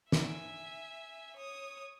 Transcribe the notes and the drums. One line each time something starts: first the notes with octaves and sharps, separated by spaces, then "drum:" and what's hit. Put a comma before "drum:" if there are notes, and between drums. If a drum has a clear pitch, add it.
E5 G#5, drum: snare
C#5 D#6